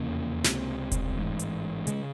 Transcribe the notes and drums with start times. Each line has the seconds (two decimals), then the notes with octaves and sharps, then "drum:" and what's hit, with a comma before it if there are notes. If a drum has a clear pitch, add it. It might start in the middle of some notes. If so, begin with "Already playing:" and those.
Already playing: F1 E2 C#3 A#3
0.44 C#2 C3, drum: snare
0.92 drum: kick E1, hi-hat
1.16 A1 G#2
1.39 drum: hi-hat
1.87 C#3 G#3, drum: hi-hat